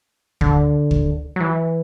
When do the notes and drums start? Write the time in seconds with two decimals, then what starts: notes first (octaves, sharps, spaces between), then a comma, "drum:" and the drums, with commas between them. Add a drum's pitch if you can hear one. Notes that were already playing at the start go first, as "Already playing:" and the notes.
0.41 D3, drum: kick D2
0.91 drum: kick D2
1.36 F#3
1.40 E3